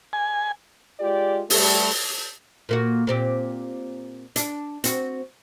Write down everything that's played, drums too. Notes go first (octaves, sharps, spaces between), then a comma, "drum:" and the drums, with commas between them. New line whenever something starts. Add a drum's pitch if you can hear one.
G#5
G#3 F4 G4 D5
G3 A3, drum: open hi-hat
A#2 A#3 F#4
A#2 C4 G4
D4, drum: hi-hat
C4 F#4, drum: hi-hat